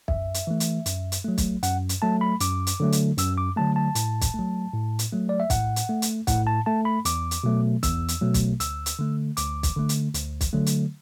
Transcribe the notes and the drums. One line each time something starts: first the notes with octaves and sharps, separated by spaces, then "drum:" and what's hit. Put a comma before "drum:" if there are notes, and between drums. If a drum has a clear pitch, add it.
F#2 E5, drum: kick B1
drum: hi-hat
E3 A3
drum: hi-hat
F#2, drum: hi-hat
drum: hi-hat
F#3 A3
drum: kick B1, hi-hat
F#2 F#5, drum: hi-hat
drum: hi-hat
F#3 A3 A5
B5
F#2 D6, drum: hi-hat
drum: hi-hat
D3 F#3 A3
drum: hi-hat
F#2 E6, drum: hi-hat
D6
D3 F#3 A3 A5
A5
A2, drum: hi-hat
drum: kick B1, hi-hat
A3
F#3
A2
drum: hi-hat
F#3 A3
D5
E5
A2 F#5, drum: kick B1, hi-hat
drum: hi-hat
A3
drum: hi-hat
A2 F#5, drum: kick B1, hi-hat
A5
A3 A5
B5
E2 D6, drum: hi-hat
drum: hi-hat
B2 F#3 A3
E2 E6, drum: kick B1, hi-hat
drum: hi-hat
B2 F#3 A3
drum: kick B1, hi-hat
D2 E6, drum: hi-hat
drum: hi-hat
D3 A3
D2 D6, drum: hi-hat
drum: kick B1, hi-hat
D3 A3
drum: hi-hat
D2, drum: hi-hat
drum: kick B1, hi-hat
D3 F#3 A3
drum: hi-hat